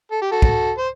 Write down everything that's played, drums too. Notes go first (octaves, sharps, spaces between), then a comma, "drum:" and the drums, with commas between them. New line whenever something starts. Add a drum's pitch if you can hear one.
A4
G4
F#4 A4
drum: kick
C5